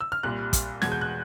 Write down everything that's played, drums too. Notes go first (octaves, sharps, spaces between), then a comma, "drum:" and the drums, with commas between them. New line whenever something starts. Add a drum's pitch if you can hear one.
E6
F6
C2 A#2 G3 F#6
drum: kick, hi-hat
E2 B2 G#3 G#6, drum: snare
G6
F#6